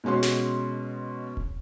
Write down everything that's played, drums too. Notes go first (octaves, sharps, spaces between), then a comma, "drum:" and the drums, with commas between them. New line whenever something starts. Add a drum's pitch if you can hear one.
B2 G#3 C#4 F#4 C6
drum: snare
drum: kick D#1